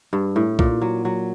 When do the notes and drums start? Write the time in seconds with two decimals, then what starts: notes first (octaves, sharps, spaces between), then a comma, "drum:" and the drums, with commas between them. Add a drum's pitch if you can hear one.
0.13 G2
0.36 A2
0.59 A#2, drum: kick B1
0.82 F#3
1.05 F#3